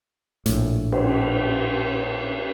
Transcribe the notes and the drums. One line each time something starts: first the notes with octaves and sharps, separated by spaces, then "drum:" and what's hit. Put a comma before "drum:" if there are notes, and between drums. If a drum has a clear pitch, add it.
A#1 A2, drum: hi-hat
drum: cymbal